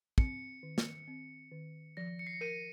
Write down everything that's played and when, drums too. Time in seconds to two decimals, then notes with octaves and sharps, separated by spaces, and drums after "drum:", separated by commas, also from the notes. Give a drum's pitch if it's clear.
0.18 C4 C#7, drum: kick
0.63 D#3
0.78 drum: snare
1.08 C4
1.52 D#3
1.97 F3 A#6
2.19 C#7
2.27 C7
2.33 C#7
2.41 A#4 D#7